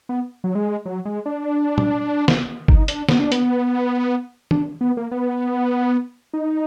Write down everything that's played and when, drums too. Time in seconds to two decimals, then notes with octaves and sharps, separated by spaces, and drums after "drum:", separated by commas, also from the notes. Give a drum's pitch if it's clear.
0.09 B3
0.44 F#3
0.55 G#3
0.86 F#3
1.05 G#3
1.26 D4
1.78 drum: tom
2.28 drum: snare
2.68 D#4, drum: kick G1
2.88 D4, drum: hi-hat
3.09 B3, drum: snare
3.19 D4
3.32 B3, drum: hi-hat
4.51 D4, drum: tom
4.81 B3
4.97 A#3
5.11 B3
6.34 D#4